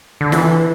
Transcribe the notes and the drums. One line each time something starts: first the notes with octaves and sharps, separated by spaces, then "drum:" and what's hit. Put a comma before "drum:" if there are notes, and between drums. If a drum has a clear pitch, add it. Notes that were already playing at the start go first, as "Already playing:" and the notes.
D3
E3, drum: snare